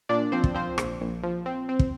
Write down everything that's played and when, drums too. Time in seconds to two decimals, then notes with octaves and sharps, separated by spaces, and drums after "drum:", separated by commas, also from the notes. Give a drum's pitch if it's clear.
0.09 A#2 D4 D5
0.32 F3 C4 C5
0.44 drum: kick
0.54 F3 C4 C5
0.78 A#1, drum: rim click
1.01 A#1
1.23 F3
1.46 C4
1.69 C4
1.79 drum: kick